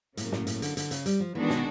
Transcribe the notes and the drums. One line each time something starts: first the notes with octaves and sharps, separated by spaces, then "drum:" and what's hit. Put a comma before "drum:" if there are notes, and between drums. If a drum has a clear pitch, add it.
A2 C#3 F#3 A#3, drum: hi-hat
A2, drum: snare
A2, drum: hi-hat
D3, drum: hi-hat
D3, drum: hi-hat
C#3, drum: hi-hat
G3, drum: hi-hat
F3
D#3 E3 G#3 B3 D4 F#4
B2, drum: snare